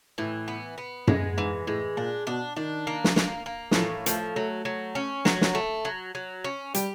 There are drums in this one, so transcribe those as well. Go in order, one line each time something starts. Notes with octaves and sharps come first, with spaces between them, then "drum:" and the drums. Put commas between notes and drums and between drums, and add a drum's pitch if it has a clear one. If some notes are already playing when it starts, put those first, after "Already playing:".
A2 E3
B3
B3
G#3, drum: tom F#2
G#2 E3
A2 G#3
A#2 D4
B2 D4
D#3 D4
A#3
drum: snare
A#3, drum: snare
A#3
F3, drum: snare
A2 E3
F3 A3, drum: hi-hat
F#3 A3
F#3
C#4
F#3, drum: snare
drum: snare
A3
F#3
F#3
C#4
G3 G4, drum: hi-hat